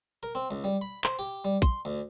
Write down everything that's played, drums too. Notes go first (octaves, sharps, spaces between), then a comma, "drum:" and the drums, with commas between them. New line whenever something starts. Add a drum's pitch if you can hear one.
A#4
C4
C#2
G3
B5
C5, drum: clap
G4
G3
C6, drum: kick, hi-hat
D2